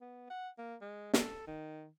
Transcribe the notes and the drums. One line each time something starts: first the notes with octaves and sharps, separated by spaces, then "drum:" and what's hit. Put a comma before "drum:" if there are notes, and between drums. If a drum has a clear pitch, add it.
B3
F#5
A#3
G#3
A4, drum: snare
D#3